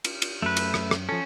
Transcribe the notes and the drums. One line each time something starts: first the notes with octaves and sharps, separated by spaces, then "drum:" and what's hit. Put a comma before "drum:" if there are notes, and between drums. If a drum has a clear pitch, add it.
drum: cymbal
drum: cymbal
F#2 A3 B4
drum: cymbal
drum: rim click
drum: rim click
F3 C#4 A4